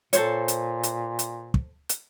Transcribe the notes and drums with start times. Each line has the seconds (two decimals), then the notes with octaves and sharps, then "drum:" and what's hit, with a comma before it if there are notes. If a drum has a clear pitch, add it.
0.13 A#2 A4 C5 C#5, drum: hi-hat
0.48 drum: hi-hat
0.83 drum: hi-hat
1.19 drum: hi-hat
1.54 drum: kick
1.89 drum: hi-hat